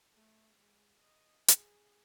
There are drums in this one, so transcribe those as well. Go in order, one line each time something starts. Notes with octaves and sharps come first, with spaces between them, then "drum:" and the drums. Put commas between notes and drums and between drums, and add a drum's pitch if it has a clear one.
A3
G#3
D#5
G#4, drum: hi-hat